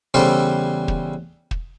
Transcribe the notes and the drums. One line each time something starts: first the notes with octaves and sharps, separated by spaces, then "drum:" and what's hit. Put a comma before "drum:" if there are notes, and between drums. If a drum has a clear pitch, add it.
E2 C#3 G3 A4 C5
drum: kick
drum: kick